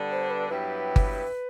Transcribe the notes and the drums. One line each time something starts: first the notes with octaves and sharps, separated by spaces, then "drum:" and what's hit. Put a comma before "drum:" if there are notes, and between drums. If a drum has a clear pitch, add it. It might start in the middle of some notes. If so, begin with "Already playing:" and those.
Already playing: D3 G3 B3 D4
C5
B4
G2 F#3 B3 E4 G4 B4
drum: kick G1